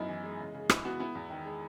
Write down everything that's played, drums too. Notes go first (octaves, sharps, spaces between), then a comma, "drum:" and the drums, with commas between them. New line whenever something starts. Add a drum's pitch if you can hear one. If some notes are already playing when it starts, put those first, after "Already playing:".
Already playing: F#2 B3 D#4 E4
E3
G#3
C#3
C#3
G#3 E4, drum: rim click
B3 F#4
B3 E4
E2
D#3
G#3